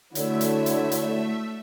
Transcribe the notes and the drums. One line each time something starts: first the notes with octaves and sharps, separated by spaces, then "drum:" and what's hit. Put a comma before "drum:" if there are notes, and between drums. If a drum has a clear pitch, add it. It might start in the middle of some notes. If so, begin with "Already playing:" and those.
D3 A3 E4 F#4 C#5 E5, drum: hi-hat
drum: hi-hat
drum: hi-hat
drum: hi-hat